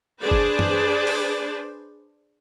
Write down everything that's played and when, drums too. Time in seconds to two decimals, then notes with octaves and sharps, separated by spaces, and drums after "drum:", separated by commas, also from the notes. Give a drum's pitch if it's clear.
0.20 D4 G#4 B4 C5 D5
0.31 drum: kick
0.59 drum: tom F#2
1.07 drum: open hi-hat